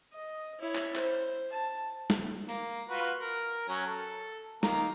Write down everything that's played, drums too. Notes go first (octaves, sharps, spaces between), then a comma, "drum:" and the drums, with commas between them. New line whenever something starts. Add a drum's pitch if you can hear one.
D#5
E4 C#5
drum: clap
C5, drum: clap
A5
drum: snare
A#3, drum: open hi-hat
F4 F#4 B4
A#4
F#3 C#4
A4
D#3 A#3 A#5, drum: snare